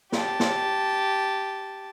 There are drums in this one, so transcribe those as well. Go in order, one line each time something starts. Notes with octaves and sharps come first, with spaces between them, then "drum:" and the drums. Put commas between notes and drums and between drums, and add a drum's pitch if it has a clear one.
G4 A5, drum: snare
drum: snare